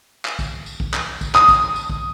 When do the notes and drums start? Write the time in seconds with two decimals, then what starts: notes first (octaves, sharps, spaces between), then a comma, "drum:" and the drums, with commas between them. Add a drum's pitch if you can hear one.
0.25 drum: clap
0.39 drum: kick, tambourine
0.66 drum: tambourine
0.80 drum: kick
0.94 drum: clap
1.21 drum: kick, tambourine
1.35 D#6, drum: clap
1.48 drum: kick, tambourine
1.76 drum: tambourine
1.90 drum: kick